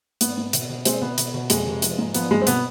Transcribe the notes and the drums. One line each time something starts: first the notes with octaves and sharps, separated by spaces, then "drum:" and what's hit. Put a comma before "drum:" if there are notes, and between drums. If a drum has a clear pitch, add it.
G#2 B3, drum: hi-hat
G#2
B2, drum: hi-hat
B2
B2 G#3 C4, drum: hi-hat
B2 B3
B2, drum: hi-hat
B2
F2 G#3, drum: hi-hat
C3
F3, drum: hi-hat
G#2
F3 B3, drum: hi-hat
G2 G#3
C4
B2 B3, drum: hi-hat